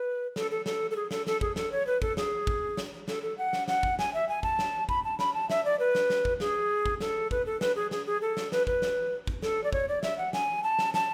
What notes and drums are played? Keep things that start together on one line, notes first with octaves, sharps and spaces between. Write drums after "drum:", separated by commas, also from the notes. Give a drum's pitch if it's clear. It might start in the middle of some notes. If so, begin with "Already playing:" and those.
Already playing: B4
A4, drum: snare
A4
A4, drum: snare
A4
G#4
A4, drum: snare
A4, drum: snare
G#4, drum: kick
A4, drum: snare
C#5
B4
A4, drum: kick
G#4, drum: snare
drum: kick
drum: snare
A4, drum: snare
A4
F#5
drum: snare
F#5, drum: snare
drum: kick
G#5, drum: snare
E5
G#5
A5, drum: kick
drum: snare
B5, drum: kick
A5
B5, drum: snare
A5
E5, drum: snare
D5
B4
drum: snare
drum: snare
drum: kick
G#4, drum: snare
drum: kick
A4, drum: snare
B4, drum: kick
A4
B4, drum: snare
G#4
G#4, drum: snare
G#4
A4
drum: snare
B4, drum: snare
B4, drum: kick
drum: snare
drum: kick
A4, drum: snare
D5
C#5, drum: kick
D5
E5, drum: snare
F#5
G#5, drum: snare
A5
drum: snare
A5, drum: snare